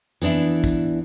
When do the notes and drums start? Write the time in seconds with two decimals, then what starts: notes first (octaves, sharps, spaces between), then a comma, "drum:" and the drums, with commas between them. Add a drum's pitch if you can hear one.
0.22 E3 B3 D4 E4, drum: tambourine
0.64 drum: kick, tambourine